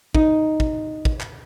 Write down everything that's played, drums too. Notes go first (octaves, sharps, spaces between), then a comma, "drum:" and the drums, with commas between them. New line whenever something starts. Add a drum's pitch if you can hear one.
D#4, drum: kick
drum: kick
drum: kick
drum: clap